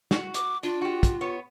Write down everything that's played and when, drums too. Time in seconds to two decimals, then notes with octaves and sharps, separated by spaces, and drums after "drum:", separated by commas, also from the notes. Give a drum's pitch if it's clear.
0.11 F#4, drum: snare
0.34 D6, drum: hi-hat
0.63 D4 F4
0.82 F#4 G4
1.03 drum: kick, hi-hat
1.21 B3 C#5